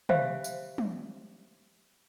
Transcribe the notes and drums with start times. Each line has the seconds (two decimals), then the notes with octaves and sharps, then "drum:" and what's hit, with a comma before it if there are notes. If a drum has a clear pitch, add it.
0.09 G4 C5 E5 F5, drum: tom
0.44 drum: tambourine
0.78 drum: tom